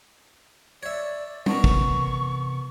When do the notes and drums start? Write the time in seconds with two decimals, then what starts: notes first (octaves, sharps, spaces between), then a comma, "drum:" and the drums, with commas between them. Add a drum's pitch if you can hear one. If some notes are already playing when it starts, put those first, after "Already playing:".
0.83 C#5 D5 E5
1.46 B3 D4 A#4 C#6, drum: tom
1.64 C3 E3, drum: kick